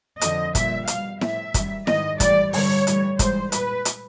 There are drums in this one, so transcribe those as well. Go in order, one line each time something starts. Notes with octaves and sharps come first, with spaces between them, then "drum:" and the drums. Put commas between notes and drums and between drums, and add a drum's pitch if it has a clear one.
F2 D3 F3 D#5, drum: hi-hat
A#2 G3 E5, drum: kick, hi-hat
B2 G3 F5, drum: hi-hat
A2 F3 E5, drum: snare E4
F#2 D#3 G3, drum: kick, hi-hat
G#2 D#3 G3 D#5, drum: snare E4
A2 E3 G3 D5, drum: kick, hi-hat
G2 D3 G3 C#5, drum: open hi-hat
A2 E3 G3, drum: hi-hat
G#2 E3 G3 C5, drum: kick, hi-hat
A#2 G3 B4, drum: hi-hat
drum: hi-hat